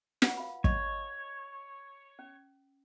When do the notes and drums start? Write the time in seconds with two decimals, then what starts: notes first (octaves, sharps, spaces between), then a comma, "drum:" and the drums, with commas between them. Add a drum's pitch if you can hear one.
0.22 F4 B4 F#5, drum: snare
0.37 F5 B5
0.64 C#5 D#5, drum: kick
2.19 C#4